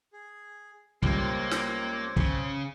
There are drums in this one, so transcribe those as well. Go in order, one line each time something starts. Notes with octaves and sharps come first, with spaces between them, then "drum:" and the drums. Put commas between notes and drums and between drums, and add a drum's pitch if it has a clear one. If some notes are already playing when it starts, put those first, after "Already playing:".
G#4
C#2 G3 A#3 C4 C5 C#5, drum: kick
drum: snare
C#3, drum: kick